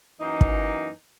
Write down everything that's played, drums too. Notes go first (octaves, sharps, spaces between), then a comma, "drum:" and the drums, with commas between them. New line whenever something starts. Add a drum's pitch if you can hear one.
F#2 E3 A#3 D#4
drum: kick